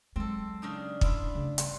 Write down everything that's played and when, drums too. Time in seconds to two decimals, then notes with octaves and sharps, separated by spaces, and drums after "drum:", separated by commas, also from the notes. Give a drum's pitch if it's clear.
0.16 F#3 G#3 C4 A4
0.62 C#3 D4 D#4
1.01 D4 E4 F4, drum: kick
1.35 C#3 A3
1.58 G2 C5 F#5, drum: hi-hat